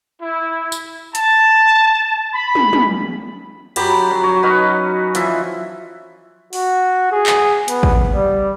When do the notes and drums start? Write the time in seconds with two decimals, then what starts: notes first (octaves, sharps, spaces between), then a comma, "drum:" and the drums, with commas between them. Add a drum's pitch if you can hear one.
0.22 E4
0.72 drum: tambourine
1.15 A5, drum: hi-hat
2.34 B5
2.55 drum: tom
2.73 drum: tom
3.76 F#2 F#3 G4 B5, drum: cymbal
4.11 F#3
4.23 C#5 A#5
4.43 C#4 D#4 F#4 B4
5.15 E3 F3 E5 A5, drum: hi-hat
6.53 F#4, drum: open hi-hat
7.12 G#4
7.26 drum: clap
7.68 B3, drum: hi-hat
7.83 drum: kick
8.14 G3